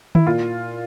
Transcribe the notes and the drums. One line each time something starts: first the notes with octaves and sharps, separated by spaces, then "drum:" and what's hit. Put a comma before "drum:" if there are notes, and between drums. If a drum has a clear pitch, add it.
E4, drum: tom D#3
A#2 F4